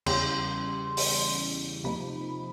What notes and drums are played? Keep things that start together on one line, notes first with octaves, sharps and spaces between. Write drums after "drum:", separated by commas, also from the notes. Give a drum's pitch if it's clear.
E2 C#3 E3 G3 C6, drum: cymbal
drum: open hi-hat
C3 F3 A#3 D#4 B5